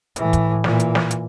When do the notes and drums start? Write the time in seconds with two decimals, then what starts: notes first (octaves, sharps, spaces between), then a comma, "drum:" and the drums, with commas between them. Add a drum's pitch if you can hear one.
0.16 A2 E3, drum: hi-hat
0.33 drum: kick, hi-hat
0.64 A#2 E3, drum: snare
0.80 drum: hi-hat
0.95 drum: snare
1.11 drum: hi-hat